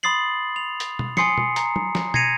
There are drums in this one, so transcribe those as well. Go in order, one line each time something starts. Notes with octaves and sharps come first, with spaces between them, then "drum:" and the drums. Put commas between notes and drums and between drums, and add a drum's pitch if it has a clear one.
B5 C6 D#6 A6 C7 F#7
F7
drum: hi-hat
drum: tom
G#5 C6 D#6 C7 C#7, drum: snare F3
drum: tom
A#5, drum: hi-hat
drum: tom
drum: snare F3
G#6 A#6 C7 C#7 D#7 F7, drum: tom